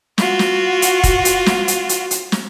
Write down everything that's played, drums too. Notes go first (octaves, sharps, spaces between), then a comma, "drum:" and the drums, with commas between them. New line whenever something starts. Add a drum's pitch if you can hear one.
F4 F#4, drum: snare
drum: snare
drum: hi-hat
drum: kick E1, hi-hat
drum: hi-hat
drum: snare
drum: hi-hat
drum: hi-hat
drum: hi-hat
drum: snare